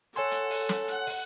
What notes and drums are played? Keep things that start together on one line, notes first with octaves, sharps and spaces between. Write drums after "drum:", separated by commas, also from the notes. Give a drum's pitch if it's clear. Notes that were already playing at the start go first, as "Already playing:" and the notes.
A4 C#5 F#5 G#5 C6
drum: hi-hat
drum: open hi-hat
drum: snare
F#5, drum: hi-hat
drum: open hi-hat